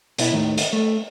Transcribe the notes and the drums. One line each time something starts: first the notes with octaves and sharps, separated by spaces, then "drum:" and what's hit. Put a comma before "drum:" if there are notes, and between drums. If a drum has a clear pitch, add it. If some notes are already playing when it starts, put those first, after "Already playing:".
B2 E4, drum: hi-hat
D#2 A2 D#3
drum: hi-hat
A3